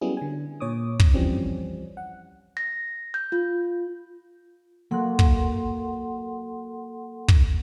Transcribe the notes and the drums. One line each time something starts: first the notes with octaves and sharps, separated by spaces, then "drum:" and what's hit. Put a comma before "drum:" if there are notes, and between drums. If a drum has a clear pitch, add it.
F#3 G3 B3 C#4 E4 G#4
D3 G#5
A#2 C#5 D6 D#6
drum: kick
E3 F3 G3 C4 C#4
F#5
A#6
G6
F4
F#3 A#3 A4 F#5 C6 F#6
drum: kick
drum: kick